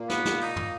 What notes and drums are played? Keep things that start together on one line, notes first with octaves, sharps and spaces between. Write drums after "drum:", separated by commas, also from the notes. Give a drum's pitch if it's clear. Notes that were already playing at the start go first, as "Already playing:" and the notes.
Already playing: A#2 A#3
B3, drum: snare
drum: snare
D#4, drum: open hi-hat
drum: tom